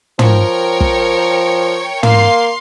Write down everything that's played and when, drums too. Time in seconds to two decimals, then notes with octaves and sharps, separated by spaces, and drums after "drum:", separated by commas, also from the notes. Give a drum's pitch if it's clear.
0.19 F3 A#4 C#5 G5, drum: tom
0.81 drum: kick
2.03 A#3 F5 C6, drum: tom